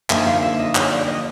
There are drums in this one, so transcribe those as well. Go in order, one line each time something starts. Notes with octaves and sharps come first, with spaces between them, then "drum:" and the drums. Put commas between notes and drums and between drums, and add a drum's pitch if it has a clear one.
D3 F3 A#3 D#4 E5, drum: clap
F5
E5
D#5
C#5, drum: clap
D5
D5
D#5